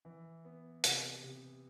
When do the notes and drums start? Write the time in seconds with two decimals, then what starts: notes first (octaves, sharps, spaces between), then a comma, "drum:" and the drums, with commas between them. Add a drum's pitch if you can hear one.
0.05 E3
0.45 B3
0.84 C3, drum: hi-hat
1.23 C3